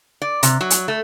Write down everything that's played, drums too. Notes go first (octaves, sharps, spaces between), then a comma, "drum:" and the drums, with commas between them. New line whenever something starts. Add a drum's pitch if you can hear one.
D5
C3, drum: hi-hat
F#3
drum: hi-hat
A3